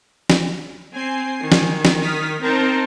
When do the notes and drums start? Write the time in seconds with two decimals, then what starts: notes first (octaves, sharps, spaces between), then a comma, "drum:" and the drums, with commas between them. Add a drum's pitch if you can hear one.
0.30 drum: snare
0.93 C4 G#5 C7
1.41 D#3
1.52 drum: snare
1.85 drum: snare
2.01 D#6 F6 B6
2.42 C4 D#4 A#4 A5 A#5